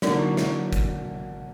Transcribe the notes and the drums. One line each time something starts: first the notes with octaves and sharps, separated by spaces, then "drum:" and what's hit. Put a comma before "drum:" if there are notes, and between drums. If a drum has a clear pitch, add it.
D3 F#3 A#3 D4 D#4, drum: snare
E4
E4, drum: snare
drum: kick, hi-hat